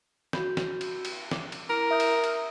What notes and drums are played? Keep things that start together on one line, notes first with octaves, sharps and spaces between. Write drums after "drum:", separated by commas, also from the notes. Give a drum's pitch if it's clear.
F#4 B5 G6, drum: snare
drum: snare
drum: cymbal
drum: cymbal
D6, drum: snare
drum: cymbal
E4 A#4
E5 D#6 G6
drum: cymbal
drum: cymbal